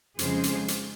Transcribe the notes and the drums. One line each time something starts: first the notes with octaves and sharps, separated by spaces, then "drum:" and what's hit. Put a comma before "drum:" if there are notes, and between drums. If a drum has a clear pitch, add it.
F2 C#3 F3 G#3 G#4 C5, drum: hi-hat
drum: hi-hat
drum: hi-hat